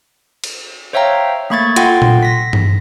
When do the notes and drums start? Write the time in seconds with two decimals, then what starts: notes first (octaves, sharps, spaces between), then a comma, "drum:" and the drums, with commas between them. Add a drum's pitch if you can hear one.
0.44 drum: cymbal
0.93 C5 C#5 E5 F5 G5 A#5
1.50 A3 A#3 B5 C#6 G#6 A6
1.76 F4 A4 F#5 G5 C6 A6, drum: hi-hat
2.02 drum: tom A#2
2.23 A#6 B6
2.53 drum: tom G2